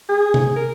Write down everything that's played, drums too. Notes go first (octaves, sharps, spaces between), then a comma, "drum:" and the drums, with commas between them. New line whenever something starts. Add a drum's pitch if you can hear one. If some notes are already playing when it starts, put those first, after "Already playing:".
G#4
drum: tom C3
A#4